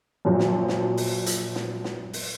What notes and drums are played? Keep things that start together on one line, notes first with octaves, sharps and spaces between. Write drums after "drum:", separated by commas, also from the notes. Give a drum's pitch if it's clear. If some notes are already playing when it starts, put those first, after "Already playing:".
F#2 A#2 F3 F#3
drum: snare
drum: snare
drum: open hi-hat
drum: hi-hat
drum: snare
drum: snare
drum: open hi-hat